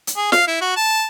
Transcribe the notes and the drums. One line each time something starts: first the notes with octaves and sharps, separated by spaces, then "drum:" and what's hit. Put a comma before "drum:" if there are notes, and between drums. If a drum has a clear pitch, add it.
drum: hi-hat
G#4
F5, drum: snare
E4
F#4
A5